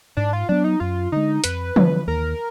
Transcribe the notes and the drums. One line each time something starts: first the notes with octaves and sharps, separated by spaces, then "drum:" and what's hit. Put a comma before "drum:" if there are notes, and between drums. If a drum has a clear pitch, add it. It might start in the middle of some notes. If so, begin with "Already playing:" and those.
G#2 D4
F4
F#3 B3 D4
D#4
F#2 F4
D3 G#3 D#4
F2 B4, drum: hi-hat
D3 F3, drum: tom E3
D#2 A#4